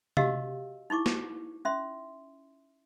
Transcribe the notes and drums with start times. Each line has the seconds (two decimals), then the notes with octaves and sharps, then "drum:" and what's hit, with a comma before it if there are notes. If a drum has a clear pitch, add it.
0.17 F#4 G4 D#5 F5 E6, drum: tom C3
0.90 D#4 E4 C#6 D6
1.06 drum: snare
1.65 C#4 E5 C6